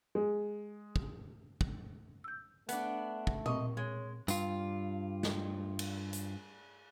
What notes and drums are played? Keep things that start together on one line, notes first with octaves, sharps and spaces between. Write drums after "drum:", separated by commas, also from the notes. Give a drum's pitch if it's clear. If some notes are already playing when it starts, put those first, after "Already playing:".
G#3
drum: kick
drum: kick
E6 G6
A3 B3 D4 F#6, drum: hi-hat
drum: kick
A#2 C4 D#5 C#6, drum: tom B2
G#3 C#5
G2 F4, drum: tambourine
drum: snare
drum: cymbal
drum: hi-hat